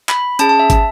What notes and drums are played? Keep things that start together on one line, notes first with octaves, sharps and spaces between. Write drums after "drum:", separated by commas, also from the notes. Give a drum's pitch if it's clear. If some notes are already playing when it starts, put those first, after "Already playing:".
B5, drum: clap
C#4 G#4 A5, drum: hi-hat
A5
E5
drum: kick, hi-hat